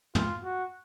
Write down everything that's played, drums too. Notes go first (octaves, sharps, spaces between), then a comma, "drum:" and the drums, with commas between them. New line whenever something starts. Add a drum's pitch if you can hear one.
F4, drum: tom
F#4